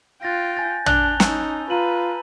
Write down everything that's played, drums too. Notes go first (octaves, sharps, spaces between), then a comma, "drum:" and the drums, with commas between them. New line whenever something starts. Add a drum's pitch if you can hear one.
F4 G5 F#6 A6 A#6
G#5 G6 A6
D4 A5 F#6 F7 G7, drum: tom
C#4 D#4 E6, drum: snare
F4 B4 A#5 D#7 F#7